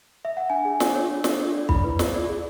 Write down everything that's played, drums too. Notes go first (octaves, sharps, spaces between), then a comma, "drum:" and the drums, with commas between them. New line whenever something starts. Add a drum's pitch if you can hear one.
E5
F#5
D4 G#5
G#4
D4, drum: snare
C#5
D4
A4, drum: snare
D4
D5
E4 B5, drum: kick
B4
E4, drum: snare
D5
G#4